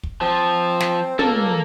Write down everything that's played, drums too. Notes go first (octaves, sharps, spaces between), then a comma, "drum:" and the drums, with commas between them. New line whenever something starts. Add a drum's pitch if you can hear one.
drum: kick
F3 C4
drum: snare
C#2 A#3 A4, drum: tom